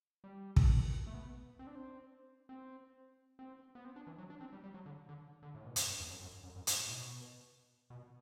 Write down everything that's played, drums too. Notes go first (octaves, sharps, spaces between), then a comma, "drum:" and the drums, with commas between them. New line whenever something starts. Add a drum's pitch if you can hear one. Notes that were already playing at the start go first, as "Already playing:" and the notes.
G3
drum: kick
A3
B3
C4
D4
C4
C4
C4
B3
C4
D4
E3
F#3
D4
C4
G3
G3
F#3
D3
D3
D3
A2
B2
F#2, drum: hi-hat
G2
E2
F#2
F#2
F#2
F#2
A2, drum: hi-hat
A2
B2
B2